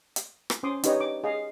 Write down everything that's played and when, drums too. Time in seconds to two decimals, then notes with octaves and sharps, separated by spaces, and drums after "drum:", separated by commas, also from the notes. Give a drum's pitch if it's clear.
0.16 drum: hi-hat
0.50 drum: rim click
0.63 C#4 C5 C6 D6 D#6
0.83 D4 D#4 G4 B4 C#5 D#5, drum: hi-hat
1.00 D6
1.24 G#4 D#5 F5